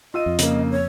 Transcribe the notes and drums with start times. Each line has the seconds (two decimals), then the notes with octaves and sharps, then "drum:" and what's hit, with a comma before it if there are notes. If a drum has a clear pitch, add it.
0.14 F4 D#5 E6 D#7
0.26 F2
0.39 C#3 A#3, drum: hi-hat
0.71 C#5